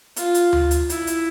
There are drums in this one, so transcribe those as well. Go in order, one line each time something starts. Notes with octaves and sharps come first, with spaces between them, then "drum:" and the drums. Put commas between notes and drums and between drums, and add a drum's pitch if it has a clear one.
F4, drum: hi-hat
drum: hi-hat
drum: tom D2
drum: hi-hat
E4, drum: hi-hat
drum: hi-hat